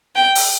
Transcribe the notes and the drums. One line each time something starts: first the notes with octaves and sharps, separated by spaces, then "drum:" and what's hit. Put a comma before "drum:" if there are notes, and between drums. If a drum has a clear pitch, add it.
G5
drum: open hi-hat